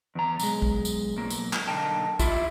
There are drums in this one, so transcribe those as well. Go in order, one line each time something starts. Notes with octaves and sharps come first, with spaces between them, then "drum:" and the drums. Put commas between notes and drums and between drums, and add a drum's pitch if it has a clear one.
E2 A#5
B1 G#3, drum: tambourine
drum: kick
drum: tambourine
B1 A#3
drum: tambourine
drum: clap
B1 D3 A#3 D#4 G5 A5
E4 F4 G4 E5, drum: kick, tambourine